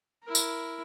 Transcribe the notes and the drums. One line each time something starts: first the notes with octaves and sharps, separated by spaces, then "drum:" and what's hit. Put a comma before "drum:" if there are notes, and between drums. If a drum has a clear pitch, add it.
E4 A#4
drum: tambourine